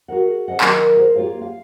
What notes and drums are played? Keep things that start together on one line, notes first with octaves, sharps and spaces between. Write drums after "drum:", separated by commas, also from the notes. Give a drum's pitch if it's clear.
F#4 G#4 A#4 F#5
E2 G#2 F3 D#5 F#5
D#3 F#3 A#4 D#5, drum: clap
G#4 A#4 C5
A#3 F4 G4 C#5 F5
F5